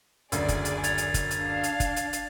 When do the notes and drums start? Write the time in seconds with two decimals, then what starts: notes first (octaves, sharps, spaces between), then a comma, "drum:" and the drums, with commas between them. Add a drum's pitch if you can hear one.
0.32 F#1 D2 G#4 D5, drum: hi-hat
0.48 drum: kick, hi-hat
0.65 drum: hi-hat
0.84 G#6 A6 F7, drum: hi-hat
0.98 drum: hi-hat
1.14 drum: kick, hi-hat
1.31 drum: hi-hat
1.40 D4 F5
1.63 drum: hi-hat
1.80 drum: kick, hi-hat
1.96 drum: hi-hat
2.13 drum: hi-hat